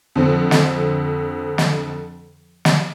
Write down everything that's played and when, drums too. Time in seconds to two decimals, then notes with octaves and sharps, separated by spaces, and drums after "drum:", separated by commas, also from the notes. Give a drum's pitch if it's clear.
0.16 F2 D3 C4
0.51 drum: snare
1.58 drum: snare
2.65 drum: snare